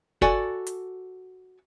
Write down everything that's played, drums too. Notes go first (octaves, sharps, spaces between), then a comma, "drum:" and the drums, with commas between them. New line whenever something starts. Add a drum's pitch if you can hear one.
F#4 A4 D5 G#5, drum: kick
drum: hi-hat